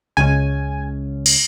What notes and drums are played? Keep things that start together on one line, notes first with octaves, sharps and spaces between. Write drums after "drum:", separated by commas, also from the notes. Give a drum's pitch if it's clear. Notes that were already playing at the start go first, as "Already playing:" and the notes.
C#2 C#3 G#3 C#4 G#5
drum: cymbal